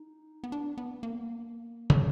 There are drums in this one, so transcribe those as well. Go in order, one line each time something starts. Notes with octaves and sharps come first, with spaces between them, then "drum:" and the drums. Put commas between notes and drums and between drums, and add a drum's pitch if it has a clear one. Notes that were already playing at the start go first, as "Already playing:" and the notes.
Already playing: D#4
B3
D4
B3
A#3
drum: tom